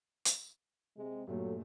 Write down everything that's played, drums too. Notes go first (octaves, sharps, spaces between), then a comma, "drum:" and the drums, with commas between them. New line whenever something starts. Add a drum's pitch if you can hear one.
drum: hi-hat
C3 G#3
G2 A#2 F#3 A3 A4